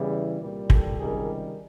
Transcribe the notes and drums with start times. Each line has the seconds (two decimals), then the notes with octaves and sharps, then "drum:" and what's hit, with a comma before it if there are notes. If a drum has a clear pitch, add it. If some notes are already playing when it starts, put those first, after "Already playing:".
Already playing: E2 C#3 E3 G3
0.40 C2 A#2 G3
0.70 G4 A4, drum: kick
0.99 C#2 C3 D#3 G3 G#4 A#4